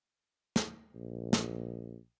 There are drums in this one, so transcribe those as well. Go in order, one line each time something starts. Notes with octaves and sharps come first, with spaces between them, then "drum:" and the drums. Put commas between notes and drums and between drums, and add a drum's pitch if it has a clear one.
drum: snare
A#1
drum: snare